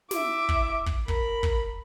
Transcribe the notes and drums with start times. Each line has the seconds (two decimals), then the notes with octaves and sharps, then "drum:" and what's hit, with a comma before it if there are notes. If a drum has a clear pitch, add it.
0.11 E4 E5 D6, drum: snare
0.49 drum: kick
0.86 drum: kick
1.08 A#4 B5, drum: kick
1.43 drum: kick